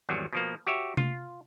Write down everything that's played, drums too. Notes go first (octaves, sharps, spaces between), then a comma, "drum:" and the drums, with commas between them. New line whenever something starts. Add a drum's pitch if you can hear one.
G#1 E2 F#3 G3
B2 F3 A#3
F#4 G4 C#5 E5
F4, drum: tom C3